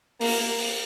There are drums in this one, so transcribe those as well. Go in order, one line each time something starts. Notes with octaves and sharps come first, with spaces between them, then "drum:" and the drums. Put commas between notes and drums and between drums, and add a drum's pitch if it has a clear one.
A#3, drum: open hi-hat
drum: open hi-hat